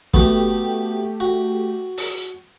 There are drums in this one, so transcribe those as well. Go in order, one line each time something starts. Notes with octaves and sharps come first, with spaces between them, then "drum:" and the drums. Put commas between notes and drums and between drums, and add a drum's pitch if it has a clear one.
A3 B3 F#4 G4, drum: kick
F#4
drum: open hi-hat